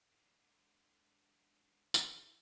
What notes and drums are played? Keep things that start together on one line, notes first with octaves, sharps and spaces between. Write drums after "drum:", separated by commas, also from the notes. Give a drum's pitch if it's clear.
G#2 D3
drum: tambourine